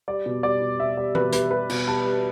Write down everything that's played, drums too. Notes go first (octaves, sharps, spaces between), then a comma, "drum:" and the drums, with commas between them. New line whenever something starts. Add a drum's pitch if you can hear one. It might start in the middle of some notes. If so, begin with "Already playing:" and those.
G3 D5
B2
G3 D5
B2
B2 E5
G3 D5
B2 B4, drum: tom E3
G3 B4, drum: hi-hat
G3 B4
B2, drum: cymbal
G3 A5
G3